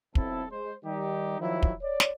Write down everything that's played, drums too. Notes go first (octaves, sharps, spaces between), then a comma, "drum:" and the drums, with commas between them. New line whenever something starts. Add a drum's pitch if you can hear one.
B1 C4 E4 A4, drum: kick
G#3 C5
D#3 G3 D#4 G4
D#3 F3 F#3 E4
drum: kick
C#5 D5
drum: snare